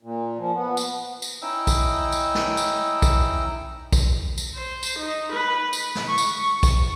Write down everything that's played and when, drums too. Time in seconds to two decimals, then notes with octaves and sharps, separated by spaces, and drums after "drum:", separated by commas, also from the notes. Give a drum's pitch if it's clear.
0.03 A#2
0.38 F3
0.55 B3
0.77 drum: tambourine
1.22 drum: tambourine
1.42 C#4 D#4 E4 D#5 G5 E6
1.67 drum: kick B1, tambourine
2.12 drum: tambourine
2.35 drum: snare
2.57 drum: tambourine
3.02 drum: kick B1, tambourine
3.93 drum: kick B1, tambourine
4.38 drum: tambourine
4.56 C5
4.83 drum: tambourine
4.99 D#4
5.32 B4
5.73 drum: tambourine
5.95 drum: snare
6.08 C#6
6.18 drum: tambourine
6.63 drum: kick B1, tambourine